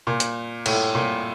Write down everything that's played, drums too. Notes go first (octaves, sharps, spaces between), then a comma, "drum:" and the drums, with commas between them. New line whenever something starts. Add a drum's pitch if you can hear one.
A#2
drum: hi-hat
A2, drum: cymbal
A#2